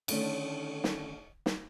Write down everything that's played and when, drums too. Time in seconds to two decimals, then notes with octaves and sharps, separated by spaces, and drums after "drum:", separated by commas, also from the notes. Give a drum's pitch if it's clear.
0.08 D3 D#3 A3 C#4 D4, drum: cymbal
0.84 drum: snare
1.46 drum: snare